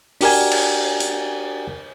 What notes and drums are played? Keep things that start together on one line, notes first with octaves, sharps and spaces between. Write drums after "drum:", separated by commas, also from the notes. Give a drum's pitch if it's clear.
D4 F#4 G4 A#4 D5 G#5, drum: open hi-hat
drum: cymbal
drum: hi-hat